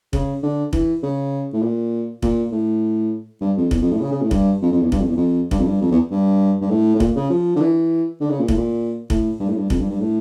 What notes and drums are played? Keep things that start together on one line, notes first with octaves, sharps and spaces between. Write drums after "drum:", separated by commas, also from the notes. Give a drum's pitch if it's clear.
C#3, drum: kick
D3
E3, drum: kick
C#3
A2
A#2
A#2, drum: kick
A2
G2
F2
E2, drum: kick
F2
A2
C#3
C#3
A2
G2, drum: kick
F2
F2
E2
G2, drum: kick
F2
E2
F2
G2, drum: kick
F2
G2
F2
E2
G2
G2
A2
A2
A#2, drum: kick
C#3
F3
D3
E3
D3
C#3
A#2
A2, drum: kick
A#2
A2, drum: kick
G2
A2
G2
F2, drum: kick
G2
G2
A2